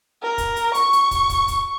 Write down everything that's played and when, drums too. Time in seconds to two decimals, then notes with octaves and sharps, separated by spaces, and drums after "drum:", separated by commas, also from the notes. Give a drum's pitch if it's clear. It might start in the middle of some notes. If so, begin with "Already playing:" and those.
0.23 A#4
0.38 drum: kick, hi-hat
0.56 drum: hi-hat
0.75 C#6, drum: hi-hat
0.93 drum: hi-hat
1.11 drum: kick, hi-hat
1.30 drum: kick, hi-hat
1.48 drum: kick, hi-hat